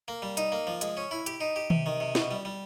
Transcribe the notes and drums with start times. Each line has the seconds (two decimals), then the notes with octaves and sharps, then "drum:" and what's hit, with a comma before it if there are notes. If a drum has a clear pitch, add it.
0.08 A#3
0.22 G3
0.37 D#4, drum: hi-hat
0.52 A#3
0.67 F3
0.81 G#3, drum: hi-hat
0.97 C#4
1.11 E4
1.26 G4, drum: hi-hat
1.41 D#4
1.56 G4
1.70 C3, drum: tom D#3
1.86 D#3
2.00 C3
2.15 B2, drum: snare
2.31 G3
2.45 G3